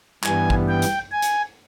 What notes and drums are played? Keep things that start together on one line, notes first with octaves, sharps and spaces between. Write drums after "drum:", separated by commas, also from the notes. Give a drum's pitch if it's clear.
G2 E3 G3 B3 G#5, drum: clap
drum: kick
G5
drum: hi-hat
G#5
drum: hi-hat